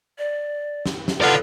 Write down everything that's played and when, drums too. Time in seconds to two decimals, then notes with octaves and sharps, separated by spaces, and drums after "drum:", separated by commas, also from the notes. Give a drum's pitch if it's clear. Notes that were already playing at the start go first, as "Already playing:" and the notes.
0.18 D5
0.86 drum: snare
1.08 drum: snare
1.21 B3 F4 A4 D5 F#5